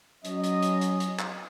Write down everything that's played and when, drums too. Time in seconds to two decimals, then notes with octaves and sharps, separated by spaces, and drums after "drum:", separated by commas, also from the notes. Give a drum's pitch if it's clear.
0.25 F#3 C#4 D#5, drum: hi-hat
0.44 drum: hi-hat
0.62 drum: hi-hat
0.81 drum: hi-hat
1.00 drum: hi-hat
1.19 drum: clap